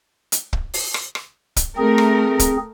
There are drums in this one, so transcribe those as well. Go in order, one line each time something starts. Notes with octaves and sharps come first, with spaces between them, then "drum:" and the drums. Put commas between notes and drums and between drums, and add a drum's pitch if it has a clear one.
drum: hi-hat
drum: kick
drum: open hi-hat
drum: rim click
drum: rim click
drum: kick, hi-hat
A3 C4 G#4 A#4
drum: rim click
drum: kick, hi-hat